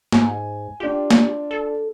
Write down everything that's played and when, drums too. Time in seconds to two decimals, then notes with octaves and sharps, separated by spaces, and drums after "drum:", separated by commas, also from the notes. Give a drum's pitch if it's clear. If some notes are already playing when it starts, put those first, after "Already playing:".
0.12 G#2 G#5, drum: snare
0.80 D4 F4 G4
1.11 drum: snare
1.51 A4